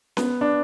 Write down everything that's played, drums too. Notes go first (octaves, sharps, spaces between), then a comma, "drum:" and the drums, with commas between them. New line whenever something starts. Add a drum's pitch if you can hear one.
B3, drum: snare C#4
D4